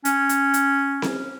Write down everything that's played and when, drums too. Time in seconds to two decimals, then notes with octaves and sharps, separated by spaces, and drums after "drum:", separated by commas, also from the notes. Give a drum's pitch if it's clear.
0.05 C#4, drum: hi-hat
0.29 drum: hi-hat
0.54 drum: hi-hat
1.02 drum: snare C4